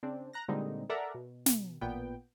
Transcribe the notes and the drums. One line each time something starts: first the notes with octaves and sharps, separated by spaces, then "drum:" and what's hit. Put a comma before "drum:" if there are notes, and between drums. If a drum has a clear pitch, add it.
C#3 C4 D4
A#5 F#6 A#6
A#2 D3 G3 G#3 C4 D#4
A4 A#4 D5 E5 F#5 A#5
B2
drum: snare
A1 A#2 B3 G5